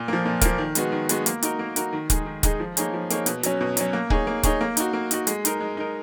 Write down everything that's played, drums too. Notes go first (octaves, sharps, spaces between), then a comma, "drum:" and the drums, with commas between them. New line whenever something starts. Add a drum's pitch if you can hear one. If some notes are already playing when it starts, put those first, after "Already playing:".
Already playing: A#2
F3 A#3
A#2
F3 A#3, drum: kick, hi-hat
D#3
G#3 B3 F#4, drum: hi-hat
D#3
G#3 B3 F#4, drum: hi-hat
A#3, drum: hi-hat
D#4 F#4 A#4, drum: hi-hat
A#3
D#4 F#4 A#4, drum: hi-hat
D#3
G#3 D#4 G#4, drum: kick, hi-hat
D#3
G#3 D#4 G#4, drum: kick, hi-hat
F3
A#3 D#4 G#4 C#5, drum: hi-hat
F3
A#3 D#4 G#4 C#5, drum: hi-hat
B2, drum: hi-hat
F#3 C#4, drum: hi-hat
B2
F#3 C#4, drum: hi-hat
A#3
D#4 G#4 C#5, drum: kick
A#3
D#4 G#4 C#5, drum: kick, hi-hat
A#3
D#4 F#4, drum: hi-hat
A#3
D#4 F#4, drum: hi-hat
G#3, drum: hi-hat
D#4 A#4, drum: hi-hat
G#3
D#4 A#4